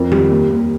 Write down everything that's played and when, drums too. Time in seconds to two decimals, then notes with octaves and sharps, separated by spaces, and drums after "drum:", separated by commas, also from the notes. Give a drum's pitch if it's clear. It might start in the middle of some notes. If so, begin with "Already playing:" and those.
Already playing: F2 A#4
0.12 G3, drum: tom D#3
0.31 D#2
0.50 D#2